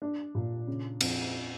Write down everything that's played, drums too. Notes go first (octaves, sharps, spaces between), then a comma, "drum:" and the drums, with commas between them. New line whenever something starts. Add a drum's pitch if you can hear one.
D4
A#2
C#3
F2, drum: cymbal